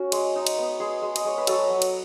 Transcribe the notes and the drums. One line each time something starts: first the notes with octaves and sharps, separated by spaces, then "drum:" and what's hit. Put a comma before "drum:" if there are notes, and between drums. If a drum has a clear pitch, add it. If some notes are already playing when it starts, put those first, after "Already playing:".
Already playing: C#4 F#4
G#3, drum: cymbal
D#4
drum: cymbal
B3
G#3 G#4
G#3
D#5, drum: cymbal
G#3 C#5
B4
F#3 F#4 A4, drum: cymbal
F#3
drum: cymbal